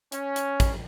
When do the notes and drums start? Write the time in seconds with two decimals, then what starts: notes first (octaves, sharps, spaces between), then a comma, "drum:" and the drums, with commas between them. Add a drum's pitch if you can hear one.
0.12 C#4, drum: hi-hat
0.36 drum: hi-hat
0.60 drum: kick, hi-hat